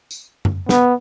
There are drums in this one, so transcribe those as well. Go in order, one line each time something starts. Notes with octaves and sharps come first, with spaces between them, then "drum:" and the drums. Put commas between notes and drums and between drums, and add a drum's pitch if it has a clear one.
drum: tambourine
drum: tom F#2
B3, drum: snare